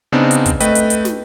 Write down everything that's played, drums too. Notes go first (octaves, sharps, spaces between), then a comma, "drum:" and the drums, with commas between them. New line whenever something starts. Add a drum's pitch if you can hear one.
C#3 B3 C4 D4 D#4
drum: hi-hat
drum: kick, hi-hat
A3 B4 D#5 G5, drum: hi-hat
drum: hi-hat
drum: hi-hat
drum: snare